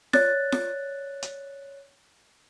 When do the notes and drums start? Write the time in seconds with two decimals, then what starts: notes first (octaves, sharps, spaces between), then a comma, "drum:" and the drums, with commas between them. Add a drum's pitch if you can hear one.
0.13 C#5 D5 F#6 A6, drum: snare F4
0.52 drum: snare F4
1.23 drum: hi-hat